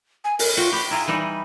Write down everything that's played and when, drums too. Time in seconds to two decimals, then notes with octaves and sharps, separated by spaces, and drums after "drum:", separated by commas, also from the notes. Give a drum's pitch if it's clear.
0.24 G#5
0.39 A#4, drum: open hi-hat
0.57 F4 F#4 G5
0.73 G4 G5 B5
0.91 E4 F4 G#4 A#5
1.07 E3 G3 D#4 B5